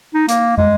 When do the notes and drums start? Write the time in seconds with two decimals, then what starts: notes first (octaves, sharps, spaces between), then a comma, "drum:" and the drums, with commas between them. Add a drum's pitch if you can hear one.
0.14 D#4
0.28 A#3, drum: hi-hat
0.58 G#3, drum: tom